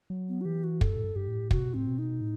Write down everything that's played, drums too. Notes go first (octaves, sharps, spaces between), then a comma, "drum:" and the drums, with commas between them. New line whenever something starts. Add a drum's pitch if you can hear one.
F#3
B3
F#4
E3 G4
F#4
F#2 A4, drum: kick
A2
G2
G2 G4
A2
C3 F#4, drum: kick
B2
A2 C4
B2
D#4
A2